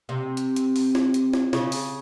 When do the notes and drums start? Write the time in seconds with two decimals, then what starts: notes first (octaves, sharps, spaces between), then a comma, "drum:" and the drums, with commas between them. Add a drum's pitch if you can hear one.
0.09 C3
0.37 drum: hi-hat
0.56 drum: hi-hat
0.76 drum: open hi-hat
0.95 drum: snare
1.14 drum: hi-hat
1.33 drum: snare
1.53 C#3, drum: snare
1.72 drum: open hi-hat